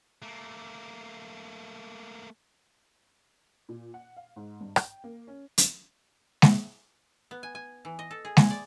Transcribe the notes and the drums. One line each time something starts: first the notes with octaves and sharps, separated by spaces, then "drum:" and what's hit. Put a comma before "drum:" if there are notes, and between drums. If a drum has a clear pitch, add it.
A3 A#3
A#2
F#5
F5
G#2
G2
G5, drum: rim click
A#3
C#4
drum: hi-hat
drum: snare G#3
B3
G#5
G#5
E3
D#5
A4
G#4
G#3, drum: snare G#3
D5